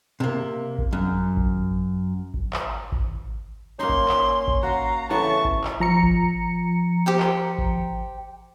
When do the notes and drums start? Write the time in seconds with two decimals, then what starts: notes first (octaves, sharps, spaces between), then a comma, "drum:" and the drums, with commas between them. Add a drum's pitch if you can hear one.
0.20 C3 A#3
0.78 drum: kick G#1
0.93 F#2
1.37 drum: kick G#1
2.34 drum: kick G#1
2.53 drum: clap
2.92 drum: kick G#1
3.79 A#3 C#4 D#4 C6
3.89 drum: kick G#1
4.09 drum: clap
4.48 drum: kick G#1
4.63 F#4 F5 A#5
5.10 A2 C#3 E3 B3 A5 C#6
5.45 drum: kick G#1
5.64 drum: clap
5.80 F3 A#5 C#7
6.03 drum: kick G#1
7.06 G4 C5 G5
7.19 drum: clap
7.58 drum: kick G#1